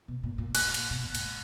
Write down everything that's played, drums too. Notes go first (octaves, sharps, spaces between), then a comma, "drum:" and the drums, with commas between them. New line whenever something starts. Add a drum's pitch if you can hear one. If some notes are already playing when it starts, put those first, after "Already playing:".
B2
A#2
A#2
A#2 F#6, drum: cymbal
drum: cymbal
B2
A#2
G#2, drum: cymbal